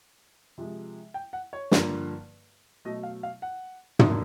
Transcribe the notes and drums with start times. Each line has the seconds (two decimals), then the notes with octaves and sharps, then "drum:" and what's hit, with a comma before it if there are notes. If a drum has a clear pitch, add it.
0.58 C3 F3 G#3
1.14 G5
1.33 F#5
1.53 C#5
1.71 G2 D3 F3 A#3, drum: snare
2.85 B2 F#3 A3 D#5
3.03 F5
3.23 F5
3.42 F#5
3.99 F2 D3 F#3 A#3, drum: tom